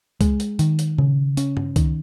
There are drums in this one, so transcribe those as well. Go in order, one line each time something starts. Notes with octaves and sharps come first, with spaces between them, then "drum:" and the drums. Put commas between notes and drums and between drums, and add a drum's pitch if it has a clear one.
G#3, drum: kick C#2, hi-hat
drum: hi-hat
D#3, drum: hi-hat
drum: hi-hat
C#3, drum: tom A#2
C#4, drum: hi-hat
drum: tom G2
D#3, drum: kick C#2, hi-hat